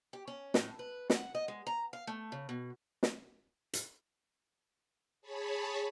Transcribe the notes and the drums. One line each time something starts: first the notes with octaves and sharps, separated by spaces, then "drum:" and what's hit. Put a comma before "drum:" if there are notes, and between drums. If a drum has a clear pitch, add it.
G4
C#4
A2, drum: snare
B4
F#5, drum: snare
D#5
G#3
A#5
F5
A3
C#3
B2
drum: snare
drum: hi-hat
G#4 C#5 A5 B5